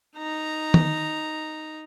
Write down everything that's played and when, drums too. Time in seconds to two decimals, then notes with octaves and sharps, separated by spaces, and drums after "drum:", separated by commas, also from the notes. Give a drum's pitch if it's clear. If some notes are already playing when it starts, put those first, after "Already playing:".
0.17 D#4 A#5
0.74 drum: tom D#3